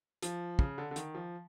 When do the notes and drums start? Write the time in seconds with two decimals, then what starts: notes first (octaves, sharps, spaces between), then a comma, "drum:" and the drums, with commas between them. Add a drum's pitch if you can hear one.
0.22 F3, drum: hi-hat
0.59 C#3, drum: kick
0.78 D3
0.91 D3
0.96 D#3, drum: hi-hat
1.15 F3